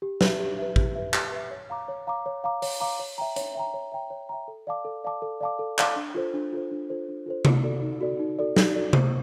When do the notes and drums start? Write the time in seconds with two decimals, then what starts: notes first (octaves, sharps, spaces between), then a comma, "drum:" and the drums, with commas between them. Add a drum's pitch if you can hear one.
0.02 G4
0.21 B4 E5, drum: snare
0.40 G4
0.59 B4 E5
0.76 G4, drum: kick
0.96 B4 E5
1.14 G4, drum: clap
1.32 B4 E5
1.51 C#5
1.70 F5 A#5 D6
1.88 C#5
2.07 F5 A#5 D6
2.26 C#5
2.44 F5 A#5 D6
2.62 C#5, drum: open hi-hat
2.80 F5 A#5 D6
2.99 C#5
3.18 E5 G5 A#5
3.36 C#5, drum: hi-hat
3.55 E5 G5 A#5
3.74 C#5
3.92 E5 G5 A#5
4.10 C#5
4.29 E5 G5 A#5
4.48 A4
4.67 D5 F5 A5 D6
4.85 A4
5.04 D5 F5 A5 D6
5.22 A4
5.41 D5 F5 A5 D6
5.59 A4
5.79 D5 F5 A5 D6, drum: clap
5.96 D4
6.15 F4 A4 C5
6.34 D4
6.52 F4 A4 C5
6.71 D4
6.90 F4 A4 C5
7.09 D4
7.26 F4 A4 C5
7.45 D#4, drum: tom C3
7.63 F#4 A4 D5
7.82 D#4
8.01 F#4 A4 D5
8.19 D#4
8.39 F#4 A4 D5
8.56 D#4, drum: snare
8.76 F#4 A4 D5
8.93 C5, drum: tom C3